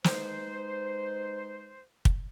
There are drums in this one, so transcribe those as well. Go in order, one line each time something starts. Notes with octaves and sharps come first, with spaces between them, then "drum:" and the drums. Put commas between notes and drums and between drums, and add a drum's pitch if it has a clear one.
G#3 D#4 B4 C5, drum: snare
drum: kick